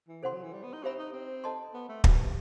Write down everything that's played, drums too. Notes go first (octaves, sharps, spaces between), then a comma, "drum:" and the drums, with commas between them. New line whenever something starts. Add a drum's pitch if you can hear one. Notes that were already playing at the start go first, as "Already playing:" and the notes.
E3
C3 A4 C5 F#5 C6
F#3
E3
G3
B3
D#4
C4 G4 C5 E5 B5
D#4
C4
A4 D#5 A5 C6
B3
A3
B2 G4 B4 E5 B5, drum: kick
C3